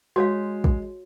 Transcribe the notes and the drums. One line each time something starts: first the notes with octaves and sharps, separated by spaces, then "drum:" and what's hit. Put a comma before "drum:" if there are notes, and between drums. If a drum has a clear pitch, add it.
G#3 F#4 C#5 F5
drum: kick